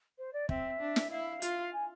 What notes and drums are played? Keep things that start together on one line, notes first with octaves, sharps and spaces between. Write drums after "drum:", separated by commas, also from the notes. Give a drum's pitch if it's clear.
C5
D5
C4 E5, drum: kick
D4
drum: snare
E4 F5
F4, drum: hi-hat
G#5